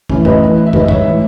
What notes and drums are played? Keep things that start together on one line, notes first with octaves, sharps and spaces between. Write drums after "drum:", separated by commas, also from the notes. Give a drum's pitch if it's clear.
A2 E3 C#4 E4, drum: kick
B4 D#5, drum: kick
A2 E3
E5
G#2 D#3 B4 D#5, drum: kick
C#5 E5, drum: kick
A2 E3